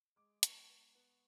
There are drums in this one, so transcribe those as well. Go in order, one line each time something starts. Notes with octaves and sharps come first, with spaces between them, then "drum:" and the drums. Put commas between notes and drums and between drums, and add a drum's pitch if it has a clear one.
G#3 D6
B3 C#6, drum: hi-hat
B3
B3